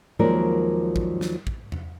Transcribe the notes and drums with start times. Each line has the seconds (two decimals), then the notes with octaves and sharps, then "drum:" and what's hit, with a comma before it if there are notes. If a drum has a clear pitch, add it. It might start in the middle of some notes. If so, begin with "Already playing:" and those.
0.19 D#2 F3 F#3 G#3 A#4 D5
0.96 drum: kick
1.21 drum: snare
1.47 drum: kick
1.72 drum: tom E2